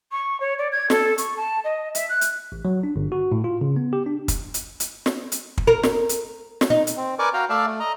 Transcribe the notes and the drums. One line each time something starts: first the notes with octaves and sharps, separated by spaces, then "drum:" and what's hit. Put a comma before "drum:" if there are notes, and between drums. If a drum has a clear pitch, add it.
C#6
C#5
D5
G#6
A4, drum: snare
C#6, drum: hi-hat
A5
D#5
E5, drum: hi-hat
F#6
drum: hi-hat
A1
F#3
D4
G1
F#4
A2
F4
C#3
B3
G4
D4
drum: kick, hi-hat
drum: hi-hat
drum: hi-hat
drum: snare
drum: hi-hat
drum: kick
A#4
drum: snare
drum: hi-hat
drum: snare
D#4
drum: hi-hat
C4
A#4 B4 D5 G#5 C#6 D6
F#4 F5 G5 A#5
A3 D5 E5 F5 A5
A3
D#5 A#5